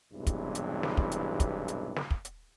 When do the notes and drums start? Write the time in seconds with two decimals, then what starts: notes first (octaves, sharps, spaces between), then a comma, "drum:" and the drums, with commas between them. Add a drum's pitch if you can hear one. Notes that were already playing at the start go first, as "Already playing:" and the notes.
0.12 B1 E2 G2 C3 E3 G#3
0.27 drum: kick, hi-hat
0.55 drum: hi-hat
0.83 drum: snare
0.97 drum: kick
1.11 drum: hi-hat
1.40 drum: kick, hi-hat
1.68 drum: hi-hat
1.96 drum: snare
2.11 drum: kick
2.25 drum: hi-hat